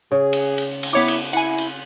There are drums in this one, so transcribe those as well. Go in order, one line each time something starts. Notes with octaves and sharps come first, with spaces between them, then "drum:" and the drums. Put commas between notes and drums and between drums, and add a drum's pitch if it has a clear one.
C#3 G#4
drum: cymbal
drum: cymbal
drum: cymbal
B3 E4 C#5 D6
drum: cymbal
E4 F#5 G#5, drum: cymbal
drum: cymbal